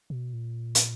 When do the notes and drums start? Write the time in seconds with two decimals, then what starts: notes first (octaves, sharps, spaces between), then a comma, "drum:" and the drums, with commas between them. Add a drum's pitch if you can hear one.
0.10 B2
0.33 A#2
0.75 drum: hi-hat